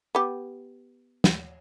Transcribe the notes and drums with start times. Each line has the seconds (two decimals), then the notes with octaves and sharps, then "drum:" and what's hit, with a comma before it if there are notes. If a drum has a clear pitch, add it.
0.15 B3 G4
1.24 drum: snare